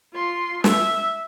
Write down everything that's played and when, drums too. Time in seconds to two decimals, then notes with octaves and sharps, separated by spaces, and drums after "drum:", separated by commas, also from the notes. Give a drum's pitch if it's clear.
0.14 F4 C6
0.64 E5, drum: snare